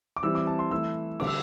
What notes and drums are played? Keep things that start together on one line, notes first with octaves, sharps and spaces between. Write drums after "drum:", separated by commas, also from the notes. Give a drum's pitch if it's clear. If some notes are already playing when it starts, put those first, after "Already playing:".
D6
E3 G3 C4 E4 E6
D6
A5
C6
E3 A3 E4 E6
D3 G3 D4 D6, drum: cymbal
E6